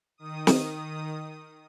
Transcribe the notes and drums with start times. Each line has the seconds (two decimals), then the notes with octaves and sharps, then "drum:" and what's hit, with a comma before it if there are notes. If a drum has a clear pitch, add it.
0.18 D#3 D#6
0.47 drum: snare